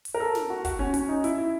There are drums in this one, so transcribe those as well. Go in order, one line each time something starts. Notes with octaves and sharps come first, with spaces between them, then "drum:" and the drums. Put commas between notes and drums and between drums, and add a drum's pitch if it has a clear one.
drum: hi-hat
A#4
A4
drum: snare
F#4
F#4, drum: kick, hi-hat
C#4
C#4, drum: hi-hat
D#4
E4, drum: hi-hat
E4